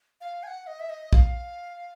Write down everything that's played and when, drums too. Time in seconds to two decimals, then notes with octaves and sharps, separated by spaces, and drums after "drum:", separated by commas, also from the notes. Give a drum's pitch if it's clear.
0.21 F5
0.43 G#5
0.47 F#5
0.67 D#5
0.80 E5
0.90 D#5
1.13 F5, drum: kick